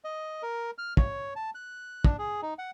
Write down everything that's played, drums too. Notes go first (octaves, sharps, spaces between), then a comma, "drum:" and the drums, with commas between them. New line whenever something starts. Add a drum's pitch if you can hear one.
D#5
A#4
F6
C#5, drum: kick
A5
F#6
D4, drum: kick
G#4
D#4
F#5